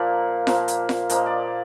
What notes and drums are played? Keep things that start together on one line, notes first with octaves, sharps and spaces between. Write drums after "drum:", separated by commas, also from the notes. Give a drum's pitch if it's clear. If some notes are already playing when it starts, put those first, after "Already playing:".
Already playing: A#2 F3 A#3 D5
A#2 F3 A#3, drum: snare F4
drum: hi-hat
drum: snare F4
A#2 F3 A#3 D#5, drum: hi-hat
D5